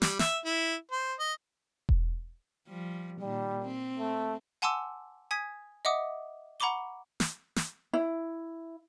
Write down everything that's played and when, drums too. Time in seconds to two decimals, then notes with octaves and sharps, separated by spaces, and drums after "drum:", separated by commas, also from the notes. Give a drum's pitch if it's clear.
0.02 G3, drum: snare
0.19 E5, drum: snare
0.45 E4
0.91 C5
1.19 D#5
1.89 drum: kick E1
2.68 F3 G3
3.21 A#2 D#3 G3
3.62 C4
3.99 A3
4.62 F#5 G#5 A5 C6 D6 E6
5.31 G#5 D#6 G#6 B6
5.85 D#5 E5 F#5 D6 D#6
6.60 F#5 A#5 B5 C#6 D6 G7
7.20 drum: snare
7.56 drum: snare
7.93 E4